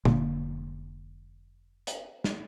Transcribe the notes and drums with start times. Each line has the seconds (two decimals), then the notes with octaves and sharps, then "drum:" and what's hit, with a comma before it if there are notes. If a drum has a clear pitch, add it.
0.05 F1 D3 A#3, drum: tom
1.87 drum: hi-hat
2.24 drum: snare